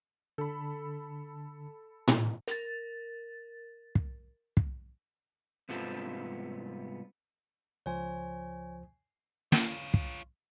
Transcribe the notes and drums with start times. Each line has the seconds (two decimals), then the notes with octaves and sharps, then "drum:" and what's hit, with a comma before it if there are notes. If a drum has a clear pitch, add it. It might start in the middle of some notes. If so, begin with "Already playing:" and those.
0.38 D3 A4 B5
2.08 drum: tom A2
2.48 A#4 A6, drum: hi-hat
3.95 drum: kick
4.57 drum: kick
5.69 C2 G#2 B3 C4 F4 A4
7.86 C#2 F3 C5 C#5 G#5
9.52 F4 C#5, drum: snare
9.94 drum: kick